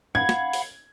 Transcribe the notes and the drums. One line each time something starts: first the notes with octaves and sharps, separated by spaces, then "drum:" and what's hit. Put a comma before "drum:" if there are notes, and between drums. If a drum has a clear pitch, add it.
F5 F#5 B5 G#6
drum: snare
drum: open hi-hat